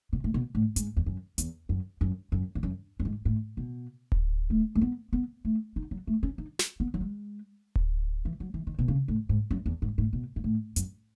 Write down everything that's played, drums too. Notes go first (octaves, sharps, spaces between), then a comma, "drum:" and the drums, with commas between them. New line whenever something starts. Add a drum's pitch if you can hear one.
B2
A2
B2
A2
G#2, drum: hi-hat
E2
F#2
E2, drum: hi-hat
F#2
F#2
F#2
E2
F#2
F#2
G#2
A2
B2
drum: kick D1
A3
A3
B3
B3
A3
D#4
F#3
A3
C#4
D#4
drum: snare
B3
F#3
G#3
drum: kick D1
E3
F#3
E3
D#3
B2
C#3
A2
G#2
F#2
E2
G#2
A2
B2
G#2
A2
F#2, drum: hi-hat